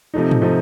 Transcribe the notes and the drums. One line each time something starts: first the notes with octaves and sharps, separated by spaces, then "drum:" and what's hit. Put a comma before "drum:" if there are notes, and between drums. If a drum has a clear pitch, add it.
C3 F3 A3 D#4
drum: tom
C3 F3 A3 D#4